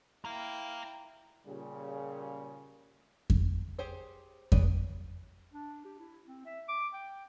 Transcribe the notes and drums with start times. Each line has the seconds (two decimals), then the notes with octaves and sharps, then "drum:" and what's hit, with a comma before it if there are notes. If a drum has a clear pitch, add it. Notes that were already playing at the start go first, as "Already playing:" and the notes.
0.25 E4 F5 G5 A#5
1.46 A#2 C#3 G3
3.30 drum: kick F2
3.79 G4 G#4 C5 C#5
4.52 G#4 B4 C#5 D5 G5, drum: kick F2
5.53 D4
5.85 G4
5.99 E4
6.26 C4
6.46 E5
6.69 D6
6.94 G5